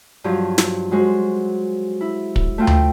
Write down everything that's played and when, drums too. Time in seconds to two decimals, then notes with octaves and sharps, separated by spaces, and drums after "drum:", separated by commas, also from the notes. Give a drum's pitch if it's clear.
0.24 G2 F3 F#3
0.58 drum: snare
0.91 F#3 G#3 F#4 C5
2.01 E4
2.36 drum: kick
2.58 A3 C4 F4 G5
2.67 drum: tom D2